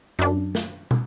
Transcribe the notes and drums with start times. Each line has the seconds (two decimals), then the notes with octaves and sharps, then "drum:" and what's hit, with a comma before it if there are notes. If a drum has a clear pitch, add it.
0.19 F#2 D4, drum: hi-hat
0.55 drum: snare
0.91 drum: tom